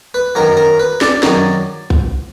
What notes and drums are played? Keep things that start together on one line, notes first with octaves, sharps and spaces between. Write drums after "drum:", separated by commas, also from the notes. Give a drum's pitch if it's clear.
B4
F#2 D#3 F#3 A#4
A#4
B4
D5, drum: snare
F#2 D#3 F#3, drum: snare
drum: kick